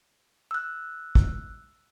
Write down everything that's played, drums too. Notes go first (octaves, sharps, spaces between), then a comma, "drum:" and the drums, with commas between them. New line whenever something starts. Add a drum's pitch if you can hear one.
E6 F#6
drum: kick